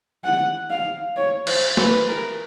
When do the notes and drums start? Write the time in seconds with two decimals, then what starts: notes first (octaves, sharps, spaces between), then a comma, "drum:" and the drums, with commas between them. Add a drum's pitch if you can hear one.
0.24 F#5
0.70 F5
1.16 C#5
1.47 C5, drum: cymbal
1.77 B4, drum: snare
2.08 A#4